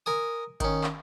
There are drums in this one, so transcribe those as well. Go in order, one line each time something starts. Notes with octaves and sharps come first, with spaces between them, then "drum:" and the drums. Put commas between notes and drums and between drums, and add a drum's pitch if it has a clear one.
A#4 G#5 D#6
D#3 C#4, drum: kick G1, hi-hat
drum: clap